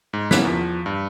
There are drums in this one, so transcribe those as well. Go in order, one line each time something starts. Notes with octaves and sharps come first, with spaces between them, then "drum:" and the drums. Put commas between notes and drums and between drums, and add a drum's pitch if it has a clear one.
G#2
A#3 B3 C#4 E4 F#6 B6, drum: snare
E2 F3
G2